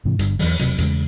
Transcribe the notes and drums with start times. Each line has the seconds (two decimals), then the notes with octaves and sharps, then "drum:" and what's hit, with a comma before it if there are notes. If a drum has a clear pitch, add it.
0.05 G#2 C3 E3
0.19 G1 G2 D3, drum: hi-hat
0.39 E2 E3 F#3, drum: open hi-hat
0.59 E1 D#2 C3 F#3, drum: hi-hat
0.78 E2 C#3 G#3, drum: hi-hat